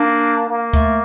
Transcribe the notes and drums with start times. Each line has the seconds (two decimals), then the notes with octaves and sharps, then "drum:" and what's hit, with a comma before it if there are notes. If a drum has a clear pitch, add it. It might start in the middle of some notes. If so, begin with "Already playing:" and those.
Already playing: A#3 D4
0.49 A#3
0.73 A3, drum: kick D2, hi-hat